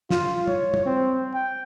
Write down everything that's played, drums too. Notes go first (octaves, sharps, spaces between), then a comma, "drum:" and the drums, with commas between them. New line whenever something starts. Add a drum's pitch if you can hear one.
F4, drum: snare
C#5, drum: tom
drum: tom
C4
G5